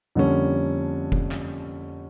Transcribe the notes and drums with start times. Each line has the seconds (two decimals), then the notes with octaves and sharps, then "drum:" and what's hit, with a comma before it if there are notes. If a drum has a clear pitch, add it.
0.15 F2 D3 G3 A#3 C#4
1.12 drum: kick F1
1.31 drum: clap